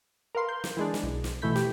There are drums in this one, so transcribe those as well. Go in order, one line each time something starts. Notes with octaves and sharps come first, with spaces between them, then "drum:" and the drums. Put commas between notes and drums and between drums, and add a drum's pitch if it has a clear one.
A#4 B4 F5 C6
G6
drum: snare
E3 G#3 D4
drum: snare
B1
drum: snare
B2 E3 A3 B5 G6 B6
G4, drum: snare